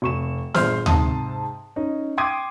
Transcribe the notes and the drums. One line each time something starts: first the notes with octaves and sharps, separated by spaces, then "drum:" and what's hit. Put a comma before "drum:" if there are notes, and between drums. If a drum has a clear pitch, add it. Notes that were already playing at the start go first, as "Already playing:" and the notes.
F1 C#6 E7
G1 A#2 G#4 C5 C6 F6, drum: snare
G#2 C3 A5 C6 D#6, drum: tom D2
C#4 D#4
G5 C6 D6 D#6 G#6 D#7